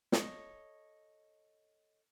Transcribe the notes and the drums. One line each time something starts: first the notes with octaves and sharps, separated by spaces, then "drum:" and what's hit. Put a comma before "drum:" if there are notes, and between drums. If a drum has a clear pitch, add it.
A4 C#5 D#5, drum: snare